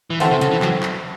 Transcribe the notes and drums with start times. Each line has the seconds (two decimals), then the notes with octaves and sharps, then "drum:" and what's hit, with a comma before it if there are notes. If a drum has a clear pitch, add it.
0.10 E3
0.20 D#3 A3 C4 F#4 A4, drum: open hi-hat
0.31 C3
0.41 C#3, drum: hi-hat
0.51 E3
0.62 F#3, drum: clap
0.83 drum: clap